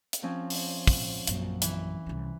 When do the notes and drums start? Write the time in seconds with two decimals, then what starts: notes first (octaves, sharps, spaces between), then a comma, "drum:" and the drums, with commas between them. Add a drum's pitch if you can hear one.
0.13 drum: hi-hat
0.23 F3 C4 C#4
0.50 drum: open hi-hat
0.87 drum: kick, open hi-hat
1.27 A#1 F#2, drum: hi-hat
1.62 E3, drum: hi-hat
2.06 C2 C#4